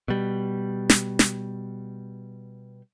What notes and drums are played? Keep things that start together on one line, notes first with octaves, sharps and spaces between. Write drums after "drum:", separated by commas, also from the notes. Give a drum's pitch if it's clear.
B2 G3
drum: snare
drum: snare